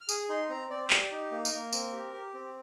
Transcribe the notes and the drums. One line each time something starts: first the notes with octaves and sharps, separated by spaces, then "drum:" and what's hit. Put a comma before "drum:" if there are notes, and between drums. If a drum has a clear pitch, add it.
F6
G#4 D#6, drum: tambourine
D#4 C6
C4 A#5
C4 D5
C5
G4 D5, drum: clap
D#4
A#3
A#4, drum: tambourine
A#3
C4, drum: tambourine
G4
G4
C4